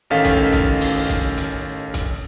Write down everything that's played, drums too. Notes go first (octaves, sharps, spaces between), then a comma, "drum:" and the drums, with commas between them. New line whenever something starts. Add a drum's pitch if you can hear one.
A1 D#3 C#4 A4 F5 B6
drum: kick, hi-hat
drum: kick, hi-hat
drum: open hi-hat
drum: kick, hi-hat
drum: hi-hat
drum: kick, hi-hat